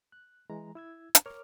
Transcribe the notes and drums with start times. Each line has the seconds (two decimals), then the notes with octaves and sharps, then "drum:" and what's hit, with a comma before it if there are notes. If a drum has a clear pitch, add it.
0.12 F#6
0.50 E3 G#3 A#5
0.75 E4 E6 G#6
1.15 drum: hi-hat
1.26 A#4 C#5 D6 F6